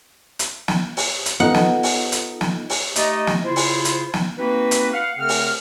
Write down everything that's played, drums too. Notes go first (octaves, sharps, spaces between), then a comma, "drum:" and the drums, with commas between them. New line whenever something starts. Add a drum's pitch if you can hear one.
drum: hi-hat
drum: snare
drum: open hi-hat
drum: hi-hat
B3 D#4 F4 A4 F#5
drum: snare
drum: open hi-hat
drum: hi-hat
drum: snare
drum: open hi-hat
A3 D#4 G4 D5 D#5, drum: hi-hat
drum: snare
C#3 E4 F4 C5
drum: open hi-hat
drum: hi-hat
drum: snare
A#3 C4 D#4 F#4 B4
drum: hi-hat
F5 F#5
C#3 A3 C4 A#4 F#5 F6
drum: open hi-hat